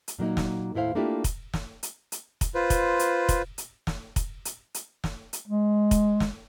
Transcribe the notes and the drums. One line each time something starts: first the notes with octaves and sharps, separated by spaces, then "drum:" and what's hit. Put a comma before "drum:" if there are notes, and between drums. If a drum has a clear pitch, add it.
drum: hi-hat
A#2 F#3 A#3 D#4
drum: snare
D#2 A2 E4 C5 F5
A3 A#3 D4 E4 F4 G4
drum: kick, hi-hat
drum: snare
drum: hi-hat
drum: hi-hat
drum: kick, hi-hat
F4 B4 C5
drum: kick, hi-hat
drum: hi-hat
drum: kick, hi-hat
drum: hi-hat
drum: snare
drum: kick, hi-hat
drum: hi-hat
drum: hi-hat
drum: snare
drum: hi-hat
G#3
drum: kick, hi-hat
drum: snare